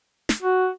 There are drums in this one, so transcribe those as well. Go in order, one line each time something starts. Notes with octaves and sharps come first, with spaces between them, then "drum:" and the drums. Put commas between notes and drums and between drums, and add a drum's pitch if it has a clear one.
drum: snare
F#4